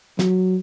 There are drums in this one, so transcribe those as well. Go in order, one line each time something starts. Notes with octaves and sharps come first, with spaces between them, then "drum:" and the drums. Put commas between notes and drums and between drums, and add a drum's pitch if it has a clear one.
F#3, drum: snare